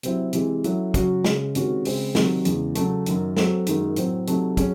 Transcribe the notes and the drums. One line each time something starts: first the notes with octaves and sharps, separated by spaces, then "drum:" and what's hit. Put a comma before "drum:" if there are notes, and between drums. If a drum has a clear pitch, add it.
C3 F#3 C4 E4, drum: hi-hat
C3 E3 G#3, drum: hi-hat
F#3 C#4 E4 A4, drum: hi-hat
C#3 F#3 C#4 F#4, drum: kick, hi-hat
C#3 G#3 C#4, drum: snare
C3 D#3 G#3 C#4 F#4, drum: hi-hat
C#3 G#3 C4, drum: open hi-hat
C3 D#3 F#3, drum: snare
E2 C#3 E3 G#3, drum: hi-hat
C#3 F#3 A3, drum: hi-hat
F#2 D#3 F#3, drum: hi-hat
F#3 C4 F#4 A4, drum: snare
F#2 D#3 G#3 D#4, drum: hi-hat
A2 F#3 C4, drum: hi-hat
C3 F#3 A3 D#4, drum: hi-hat
F#3 C#4 G#4, drum: kick, hi-hat